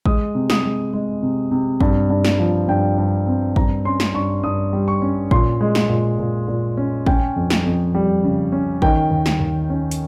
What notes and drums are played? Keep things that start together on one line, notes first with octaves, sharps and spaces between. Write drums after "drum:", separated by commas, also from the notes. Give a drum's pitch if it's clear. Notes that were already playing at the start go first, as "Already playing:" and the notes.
G#3 D#6, drum: kick A1
C3
D#6, drum: snare
G#3
G#3
C3
C3
G2, drum: kick A1
G2
drum: snare
F3
G2 G5
G2
C4
G2 A#5, drum: kick A1
C#4 C6
drum: snare
G2 C#6
G2 D#6
G3
C#6
C#4
A#2 C6, drum: kick A1
G#3
drum: snare
A#2
A#2
A#2
C#4
C#4 G5, drum: kick A1
F2
drum: snare
F2
G3
C#3
C#4
D#3 G5, drum: kick A1
D#2
drum: snare
D#2
C#4
drum: hi-hat